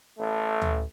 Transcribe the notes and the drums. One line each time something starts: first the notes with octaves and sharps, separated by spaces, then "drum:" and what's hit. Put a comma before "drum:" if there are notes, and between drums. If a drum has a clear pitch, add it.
A1 A3
drum: tom D2